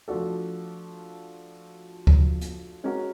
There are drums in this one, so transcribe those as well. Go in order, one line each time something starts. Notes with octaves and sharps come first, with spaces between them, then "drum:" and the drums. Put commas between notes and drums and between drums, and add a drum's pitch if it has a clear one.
F3 A3 D4 F#4 A4
drum: kick D2
drum: hi-hat
G#3 C#4 F#4 A#4